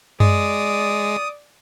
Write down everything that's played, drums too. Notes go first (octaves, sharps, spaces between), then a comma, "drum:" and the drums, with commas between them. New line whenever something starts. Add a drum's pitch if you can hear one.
G#3 D5 D#6, drum: tom F#2